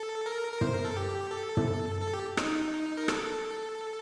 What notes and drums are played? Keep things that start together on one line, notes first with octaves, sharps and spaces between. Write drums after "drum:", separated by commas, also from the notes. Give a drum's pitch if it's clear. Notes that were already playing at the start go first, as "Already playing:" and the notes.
Already playing: A4
A#4
A#4
C5, drum: tom
A#4
A4
G4
A4
drum: tom
A4
G4
D#4, drum: rim click
A#4
A4, drum: rim click